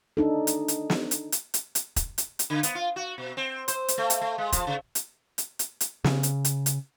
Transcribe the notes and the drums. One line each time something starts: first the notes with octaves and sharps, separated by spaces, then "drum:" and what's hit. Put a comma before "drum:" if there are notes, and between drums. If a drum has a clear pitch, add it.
D4 D#4 A4
drum: hi-hat
drum: hi-hat
drum: snare
drum: hi-hat
drum: hi-hat
drum: hi-hat
drum: hi-hat
drum: kick E1, hi-hat
drum: hi-hat
drum: hi-hat
D3
B3, drum: hi-hat
F4
F#4
B2
C4
C5, drum: hi-hat
drum: hi-hat
A3
drum: hi-hat
A3
G#3
F3, drum: kick E1, hi-hat
C#3
drum: hi-hat
drum: hi-hat
drum: hi-hat
drum: hi-hat
C#3, drum: snare
drum: hi-hat
drum: hi-hat
drum: hi-hat